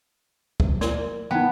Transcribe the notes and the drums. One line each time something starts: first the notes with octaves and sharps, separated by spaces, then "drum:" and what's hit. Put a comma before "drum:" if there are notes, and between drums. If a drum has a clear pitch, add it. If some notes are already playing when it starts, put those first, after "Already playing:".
drum: kick
A#4 D5 C6, drum: snare
B3 D#4 G5